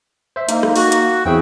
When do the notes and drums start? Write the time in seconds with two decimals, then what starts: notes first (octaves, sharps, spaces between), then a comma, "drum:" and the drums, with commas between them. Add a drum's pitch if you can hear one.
0.36 C5 E5
0.49 A#3 D#4, drum: hi-hat
0.63 drum: rim click
0.76 A#3 F#4, drum: open hi-hat
0.92 drum: hi-hat
1.25 E2 C4 E4 G#4 G5